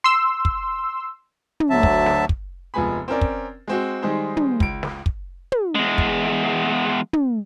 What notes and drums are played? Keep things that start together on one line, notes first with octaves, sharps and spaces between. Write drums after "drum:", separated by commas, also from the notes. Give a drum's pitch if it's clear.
C6 E6
drum: kick
drum: tom
D2 D3 F#3 E5 A5
drum: kick
drum: snare
drum: kick
F1 F3 G#3 B3 G#5 B5
C4 C#4 A#4 D5
drum: kick
G#3 C4 F#4
D#3 G3 G#3 D#4 G#4 C5
drum: tom
C#2 D7, drum: kick
drum: snare
drum: kick
drum: tom
E2 G#3
drum: kick
drum: tom